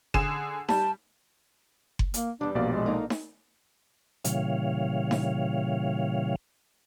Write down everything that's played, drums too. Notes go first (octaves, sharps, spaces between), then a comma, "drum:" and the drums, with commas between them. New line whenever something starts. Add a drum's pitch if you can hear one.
D3 G#4 E7, drum: kick F#1
G3 A5, drum: snare D#4
drum: kick F#1
A#3, drum: hi-hat
E2 G3 D4
A#1 B2 A#3 D5
G#3
A#3 D#4 A4
drum: snare D#4
A#2 C#3 E3 G3 C#5 F5, drum: hi-hat
drum: snare D#4